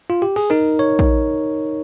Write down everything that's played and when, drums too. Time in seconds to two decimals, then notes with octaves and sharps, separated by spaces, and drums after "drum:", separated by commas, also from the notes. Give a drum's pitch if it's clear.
0.10 F4
0.22 G4
0.36 G#4, drum: cymbal
0.50 D#4 A#4
0.79 C#5
0.99 drum: kick A#1